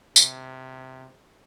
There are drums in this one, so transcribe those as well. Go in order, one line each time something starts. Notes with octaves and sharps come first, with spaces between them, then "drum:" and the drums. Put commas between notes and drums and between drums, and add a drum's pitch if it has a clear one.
C3, drum: tambourine